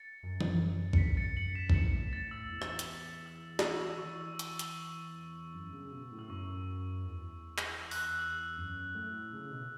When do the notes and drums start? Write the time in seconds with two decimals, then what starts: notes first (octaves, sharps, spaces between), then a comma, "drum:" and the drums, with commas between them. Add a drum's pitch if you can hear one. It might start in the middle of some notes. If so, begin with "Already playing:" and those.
Already playing: A6 C#7
0.23 F#2
0.41 drum: tom E3
0.93 C#7, drum: kick
0.98 B6
1.17 A6 C#7
1.37 C#7 F#7
1.55 B6 E7
1.70 E7, drum: kick
1.74 A2 C#7 F#7
2.13 A6
2.31 E6
2.50 E2
2.62 drum: rim click
2.79 drum: hi-hat
3.26 E6
3.59 E6, drum: snare
3.64 C#6
3.98 C#6
4.02 E2 E6
4.21 E6
4.33 E6
4.39 C#6, drum: hi-hat
4.59 E6, drum: hi-hat
5.54 F#2
5.73 C#3
5.92 B2
6.11 A2
6.19 E6
6.30 F#2 C#6
7.06 E2
7.58 drum: clap
7.81 E6
7.91 F#6, drum: open hi-hat
8.01 E6
8.13 F#6
8.19 E6
8.57 F#2
8.95 A2
9.33 C#3
9.51 B2